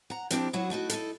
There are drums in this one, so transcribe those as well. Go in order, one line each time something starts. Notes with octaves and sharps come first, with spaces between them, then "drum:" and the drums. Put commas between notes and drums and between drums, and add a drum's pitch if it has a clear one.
F#5 A#5
F3 C4 D4 E4 F4 G4, drum: hi-hat
F#3 E4 F#4 G#4 F#5
A3 D#4 E4 F#4
D#4 E4 A4, drum: hi-hat